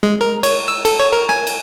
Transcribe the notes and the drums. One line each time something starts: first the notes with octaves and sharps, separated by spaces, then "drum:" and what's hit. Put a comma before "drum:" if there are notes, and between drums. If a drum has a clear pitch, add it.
G#3
A#4
C#5, drum: cymbal
E6
A4, drum: cymbal
C#5
A#4
G#5, drum: rim click
drum: cymbal